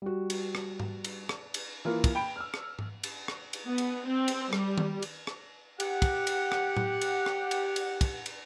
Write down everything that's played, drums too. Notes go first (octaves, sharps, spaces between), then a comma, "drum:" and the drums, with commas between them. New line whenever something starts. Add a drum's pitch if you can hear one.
G3 F#4
drum: cymbal
drum: rim click
drum: tom G#2
drum: cymbal
drum: rim click
drum: cymbal
E3 A#3 F4 A#4
drum: kick, cymbal
G5 B5 D7
E6 F6
drum: rim click
drum: tom G#2
drum: cymbal
drum: rim click
drum: cymbal
B3
drum: cymbal
C4
drum: cymbal
G3, drum: rim click
drum: tom D#3
drum: cymbal
drum: rim click
G4 F#5, drum: cymbal
drum: kick, cymbal
drum: cymbal
drum: rim click
drum: tom A2
drum: cymbal
drum: rim click
drum: cymbal
drum: cymbal
drum: kick, cymbal
drum: cymbal